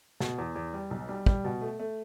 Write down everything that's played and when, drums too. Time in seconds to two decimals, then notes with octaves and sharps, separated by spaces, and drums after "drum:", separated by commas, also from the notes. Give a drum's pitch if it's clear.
0.20 B2, drum: snare
0.38 E2
0.56 E2
0.73 G3
0.91 B1
1.09 G3
1.26 G3, drum: kick
1.44 B2
1.61 A3
1.79 A3